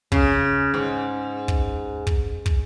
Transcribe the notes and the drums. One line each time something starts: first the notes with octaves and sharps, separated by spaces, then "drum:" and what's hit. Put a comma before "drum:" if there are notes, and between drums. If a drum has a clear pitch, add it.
C#3, drum: kick
G#2
drum: kick
drum: kick
drum: kick